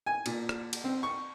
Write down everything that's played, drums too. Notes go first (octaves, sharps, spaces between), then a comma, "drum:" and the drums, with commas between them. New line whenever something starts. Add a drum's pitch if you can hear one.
G#5
A#2, drum: cymbal
drum: rim click
drum: cymbal
C4
C#6